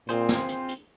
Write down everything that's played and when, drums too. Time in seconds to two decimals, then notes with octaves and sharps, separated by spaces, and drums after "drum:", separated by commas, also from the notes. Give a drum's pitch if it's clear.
0.09 A#2 C4 F4 G#4 C5, drum: hi-hat
0.29 drum: snare
0.49 drum: hi-hat
0.68 drum: hi-hat